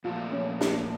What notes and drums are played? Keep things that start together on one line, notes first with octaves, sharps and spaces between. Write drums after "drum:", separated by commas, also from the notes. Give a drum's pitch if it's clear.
A#2 F3 A3 F4
C#4
D4, drum: snare